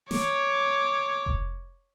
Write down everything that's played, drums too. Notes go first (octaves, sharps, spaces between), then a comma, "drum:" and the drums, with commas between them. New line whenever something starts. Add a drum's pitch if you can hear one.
C#5 D6, drum: snare
drum: kick F1